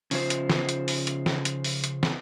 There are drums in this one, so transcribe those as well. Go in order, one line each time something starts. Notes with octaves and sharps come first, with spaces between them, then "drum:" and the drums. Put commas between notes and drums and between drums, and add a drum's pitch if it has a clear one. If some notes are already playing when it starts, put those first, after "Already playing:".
C#3 F3 C5, drum: open hi-hat
drum: hi-hat
drum: snare
drum: hi-hat
drum: open hi-hat
drum: hi-hat
drum: snare
drum: hi-hat
drum: open hi-hat
drum: hi-hat
drum: snare